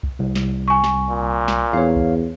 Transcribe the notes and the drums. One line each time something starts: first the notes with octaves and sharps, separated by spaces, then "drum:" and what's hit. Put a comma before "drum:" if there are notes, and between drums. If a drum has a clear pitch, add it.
drum: kick C2
C2
drum: snare
G#5 C#6
drum: snare
A#2
drum: snare
E2 C#5 F5
drum: kick C2